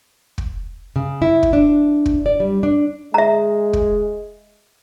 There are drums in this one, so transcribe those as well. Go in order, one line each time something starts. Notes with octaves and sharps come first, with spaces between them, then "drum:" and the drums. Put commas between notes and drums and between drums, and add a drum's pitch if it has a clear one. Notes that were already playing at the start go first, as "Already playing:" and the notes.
drum: kick
C#3
E4
drum: kick
D4
drum: kick
D5
G3
D4
G#3 E5 A#5
drum: kick